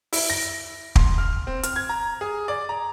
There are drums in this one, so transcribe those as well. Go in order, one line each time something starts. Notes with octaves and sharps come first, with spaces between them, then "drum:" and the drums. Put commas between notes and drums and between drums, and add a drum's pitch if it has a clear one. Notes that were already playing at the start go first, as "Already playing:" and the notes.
E4, drum: open hi-hat
A#6
C6, drum: kick
F6
C4
F6, drum: hi-hat
G#6
A#5
G#4
D5
A#5